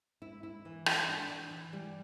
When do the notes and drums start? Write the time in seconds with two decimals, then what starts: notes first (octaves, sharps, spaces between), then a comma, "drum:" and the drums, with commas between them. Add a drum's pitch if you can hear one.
0.22 E4
0.43 E4
0.65 E3
0.86 E4, drum: rim click
1.08 D4
1.29 E3
1.51 E3
1.73 G3